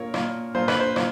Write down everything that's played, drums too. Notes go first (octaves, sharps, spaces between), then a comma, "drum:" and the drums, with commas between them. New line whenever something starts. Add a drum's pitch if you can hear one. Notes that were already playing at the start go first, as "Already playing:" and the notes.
Already playing: A#2 A#4 C#5
A#2, drum: rim click
A#2 C5
B4, drum: rim click
C5
A#2, drum: rim click